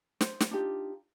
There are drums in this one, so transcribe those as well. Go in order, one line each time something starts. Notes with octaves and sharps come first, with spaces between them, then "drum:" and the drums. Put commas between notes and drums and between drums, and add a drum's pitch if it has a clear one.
C5, drum: snare
drum: snare
D4 D#4 F4 G4